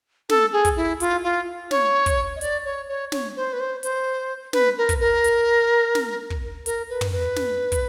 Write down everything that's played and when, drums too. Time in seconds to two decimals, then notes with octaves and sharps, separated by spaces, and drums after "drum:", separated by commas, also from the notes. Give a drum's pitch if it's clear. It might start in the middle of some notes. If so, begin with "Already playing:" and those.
0.29 A4, drum: snare
0.53 G#4
0.65 drum: kick, hi-hat
0.77 E4
1.00 F4, drum: hi-hat
1.23 F4
1.71 C#5, drum: snare
2.06 drum: kick, hi-hat
2.36 D#5
2.41 D5, drum: hi-hat
2.65 C#5
2.89 C#5
3.12 C#5, drum: snare
3.36 C5
3.53 B4
3.60 C5
3.83 C5, drum: hi-hat
4.53 B4, drum: snare
4.78 A#4
4.89 drum: kick, hi-hat
5.00 A#4
5.24 drum: hi-hat
5.95 drum: snare
6.30 drum: kick
6.66 A#4, drum: hi-hat
6.90 B4
7.01 drum: tom
7.12 B4
7.36 drum: snare
7.72 drum: kick, hi-hat